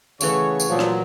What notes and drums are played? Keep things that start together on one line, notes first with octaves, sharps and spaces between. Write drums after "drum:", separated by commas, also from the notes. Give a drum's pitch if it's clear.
C#3 E3 A3 C#5 F#5, drum: tambourine
drum: tambourine
A#2 F3 F#3
drum: rim click